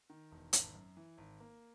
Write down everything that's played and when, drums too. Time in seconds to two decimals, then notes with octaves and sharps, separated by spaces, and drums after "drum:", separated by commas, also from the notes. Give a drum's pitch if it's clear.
0.10 D#3
0.32 E1
0.53 G#1, drum: hi-hat
0.75 F#2
0.97 E3
1.18 G#1
1.40 A#3